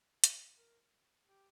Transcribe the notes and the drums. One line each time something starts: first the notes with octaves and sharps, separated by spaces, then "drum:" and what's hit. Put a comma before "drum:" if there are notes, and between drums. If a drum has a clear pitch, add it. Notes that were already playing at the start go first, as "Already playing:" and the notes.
C5, drum: hi-hat
A#4
G4